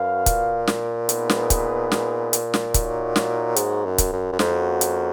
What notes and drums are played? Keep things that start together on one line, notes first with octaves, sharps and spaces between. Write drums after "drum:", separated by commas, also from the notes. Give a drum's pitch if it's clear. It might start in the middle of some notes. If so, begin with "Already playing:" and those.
Already playing: F#2 F#4 B4 F5
A#2, drum: kick, hi-hat
drum: snare
B3 D#4 G#4 B4, drum: hi-hat
drum: snare
drum: kick, hi-hat
drum: snare
drum: hi-hat
drum: snare
A#3 D#4 F#4 C#5, drum: kick, hi-hat
drum: snare
G#2, drum: hi-hat
F#2
drum: kick, hi-hat
F#2
F#2
F2 A#3 C#4 F#4, drum: snare
drum: hi-hat